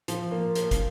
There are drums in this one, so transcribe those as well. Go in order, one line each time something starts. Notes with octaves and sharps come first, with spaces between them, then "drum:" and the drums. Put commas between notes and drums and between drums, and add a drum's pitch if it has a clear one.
F3, drum: hi-hat
A#3
drum: hi-hat
drum: kick, hi-hat